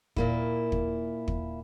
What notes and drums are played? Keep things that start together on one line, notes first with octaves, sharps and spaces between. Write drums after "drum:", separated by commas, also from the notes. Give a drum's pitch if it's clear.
A#2 A#3 E4, drum: kick
drum: kick
drum: kick